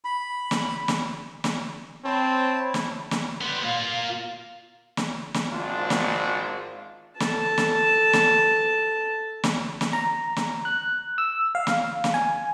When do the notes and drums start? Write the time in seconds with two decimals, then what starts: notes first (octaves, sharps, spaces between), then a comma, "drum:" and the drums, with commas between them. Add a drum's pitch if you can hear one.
0.05 B5
0.51 drum: snare
0.88 drum: snare
1.44 drum: snare
2.05 C4 E4 C#5 A5
2.74 drum: snare
3.11 drum: snare
3.41 G3 B3 C6
3.63 A#3 F4 F5
4.97 drum: snare
5.34 drum: snare
5.53 G#1 D4 F4
5.90 drum: snare
7.20 A4 A5, drum: snare
7.58 drum: snare
8.13 drum: snare
9.43 drum: snare
9.81 drum: snare
9.93 A#5
10.36 drum: snare
10.65 F#6
11.18 E6
11.55 F5
11.67 drum: snare
12.04 drum: snare
12.14 G#5